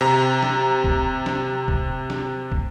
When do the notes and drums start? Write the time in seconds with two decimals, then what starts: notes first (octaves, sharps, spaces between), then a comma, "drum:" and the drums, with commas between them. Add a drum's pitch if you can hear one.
0.01 C3 A#5
0.42 drum: snare
0.84 drum: kick
1.26 drum: snare
1.68 drum: kick
2.10 drum: snare
2.52 drum: kick